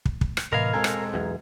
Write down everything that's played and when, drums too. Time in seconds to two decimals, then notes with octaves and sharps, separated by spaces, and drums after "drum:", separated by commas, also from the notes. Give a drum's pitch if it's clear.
0.05 drum: kick
0.21 drum: kick
0.37 drum: rim click
0.53 A2 C3 E3 A#4 D#5 F5 B5 G#6
0.73 E1 G#3 C4 A4 G#5 A#5 G#6
0.84 drum: rim click
1.14 B1 E2